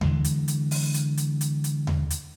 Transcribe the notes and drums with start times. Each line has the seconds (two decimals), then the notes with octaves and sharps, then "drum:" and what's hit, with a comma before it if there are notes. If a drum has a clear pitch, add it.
0.01 D3 E3 G#3, drum: tom D#2
0.24 drum: hi-hat
0.48 drum: hi-hat
0.71 drum: open hi-hat
0.94 drum: hi-hat
1.17 drum: hi-hat
1.41 drum: hi-hat
1.64 drum: hi-hat
1.87 drum: tom D#2
2.10 drum: hi-hat